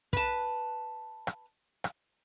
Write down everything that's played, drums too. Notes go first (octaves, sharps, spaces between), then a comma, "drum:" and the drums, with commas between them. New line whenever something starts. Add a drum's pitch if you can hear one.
B4 A5, drum: kick
drum: rim click
drum: rim click